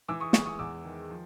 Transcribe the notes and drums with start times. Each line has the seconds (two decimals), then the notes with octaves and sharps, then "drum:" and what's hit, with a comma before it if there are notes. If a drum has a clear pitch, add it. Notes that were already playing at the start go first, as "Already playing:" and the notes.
0.08 E3 D6 E6
0.20 C#6 D#6
0.33 G#3 C#6 D#6, drum: snare
0.46 C#6 D#6
0.59 E2 D6 E6
0.85 D#3
1.10 F3